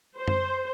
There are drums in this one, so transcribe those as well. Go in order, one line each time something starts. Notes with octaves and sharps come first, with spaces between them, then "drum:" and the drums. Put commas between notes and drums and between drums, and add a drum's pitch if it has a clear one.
C5
drum: tom F#2